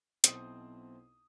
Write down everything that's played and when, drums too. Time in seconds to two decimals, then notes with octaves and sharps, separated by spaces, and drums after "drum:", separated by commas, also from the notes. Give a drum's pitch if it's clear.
0.24 B1 B2 C4 E4 C5 D#6, drum: hi-hat